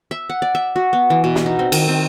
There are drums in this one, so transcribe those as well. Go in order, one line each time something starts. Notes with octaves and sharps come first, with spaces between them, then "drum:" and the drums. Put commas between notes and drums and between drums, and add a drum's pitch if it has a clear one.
E5
F#5
D5
E5
F#4
B3
E3
B2
drum: snare
D#4
C4
D#3, drum: cymbal
C4